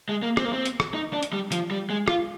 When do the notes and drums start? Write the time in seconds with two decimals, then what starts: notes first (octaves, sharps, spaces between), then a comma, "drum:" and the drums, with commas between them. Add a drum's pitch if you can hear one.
0.09 G#3
0.22 A#3
0.37 C4, drum: rim click
0.45 A#3
0.53 C4
0.66 drum: hi-hat
0.80 drum: rim click
0.94 D#4
1.13 D4
1.23 drum: hi-hat
1.33 G3
1.52 F3, drum: hi-hat
1.71 G3
1.90 G#3
2.08 F4, drum: rim click